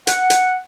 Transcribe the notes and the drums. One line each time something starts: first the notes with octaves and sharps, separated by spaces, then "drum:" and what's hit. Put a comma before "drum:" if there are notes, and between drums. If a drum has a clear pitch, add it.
F#5, drum: hi-hat
drum: hi-hat